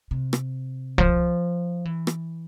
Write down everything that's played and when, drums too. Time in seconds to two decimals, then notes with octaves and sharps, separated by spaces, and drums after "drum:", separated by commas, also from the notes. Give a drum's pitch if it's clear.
0.11 C3
0.33 drum: rim click
0.98 F3, drum: kick
1.85 E3
2.07 drum: rim click